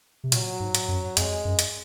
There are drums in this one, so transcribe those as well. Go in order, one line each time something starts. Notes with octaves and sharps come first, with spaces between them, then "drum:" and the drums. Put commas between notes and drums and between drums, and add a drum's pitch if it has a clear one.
C3
A#2 F#3, drum: hi-hat
G#2
drum: hi-hat
F#2
F2 G#3, drum: hi-hat
F#2
drum: hi-hat